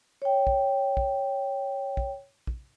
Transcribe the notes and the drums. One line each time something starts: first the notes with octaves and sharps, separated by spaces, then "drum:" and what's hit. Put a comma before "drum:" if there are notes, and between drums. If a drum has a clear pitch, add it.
C#5 G5
drum: kick
drum: kick
drum: kick
drum: kick